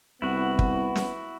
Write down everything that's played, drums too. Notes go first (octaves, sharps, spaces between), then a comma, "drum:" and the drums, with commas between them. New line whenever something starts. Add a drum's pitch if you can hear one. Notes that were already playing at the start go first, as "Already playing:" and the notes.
C2 B3 E4 F#4
drum: kick
drum: snare